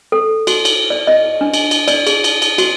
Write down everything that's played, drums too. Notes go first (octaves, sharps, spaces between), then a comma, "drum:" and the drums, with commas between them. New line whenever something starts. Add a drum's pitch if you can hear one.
A4
F#4, drum: cymbal
drum: cymbal
D5
D#5
D4
drum: cymbal
drum: cymbal
D5, drum: cymbal
G#4, drum: cymbal
drum: cymbal
drum: cymbal
F#4, drum: cymbal